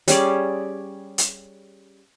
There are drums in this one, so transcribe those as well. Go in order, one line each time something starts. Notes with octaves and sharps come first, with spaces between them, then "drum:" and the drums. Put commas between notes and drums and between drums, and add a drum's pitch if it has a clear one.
G3 C#4 G#4 D5, drum: hi-hat
drum: hi-hat